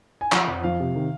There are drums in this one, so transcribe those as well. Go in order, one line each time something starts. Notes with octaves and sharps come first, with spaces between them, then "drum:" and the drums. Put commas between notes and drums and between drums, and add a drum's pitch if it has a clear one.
G#5
F3 F#5, drum: clap
F2
F3 F5
C3
D#3